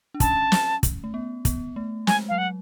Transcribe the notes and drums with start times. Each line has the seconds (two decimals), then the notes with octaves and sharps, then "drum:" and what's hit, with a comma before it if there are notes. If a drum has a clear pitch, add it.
0.14 D4
0.20 C#4 A5, drum: kick, hi-hat
0.52 drum: snare
0.83 drum: kick, hi-hat
1.04 A3
1.14 B3
1.45 B3, drum: kick, hi-hat
1.76 A3
2.07 G#3 G#5, drum: snare
2.29 F#3 F5
2.38 F#5